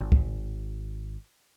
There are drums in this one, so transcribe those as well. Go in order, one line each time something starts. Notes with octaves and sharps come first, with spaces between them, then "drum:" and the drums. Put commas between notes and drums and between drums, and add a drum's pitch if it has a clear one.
G#1
drum: kick